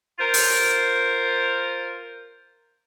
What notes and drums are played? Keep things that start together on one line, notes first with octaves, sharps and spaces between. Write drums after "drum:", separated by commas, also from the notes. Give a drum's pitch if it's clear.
F4 A#4 C5
drum: open hi-hat